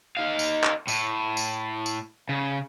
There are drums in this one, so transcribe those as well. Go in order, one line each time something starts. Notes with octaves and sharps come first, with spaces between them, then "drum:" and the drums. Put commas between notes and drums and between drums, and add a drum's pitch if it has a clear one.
D#4 F5
drum: tambourine
drum: clap
A2, drum: tambourine
drum: tambourine
drum: tambourine
C#3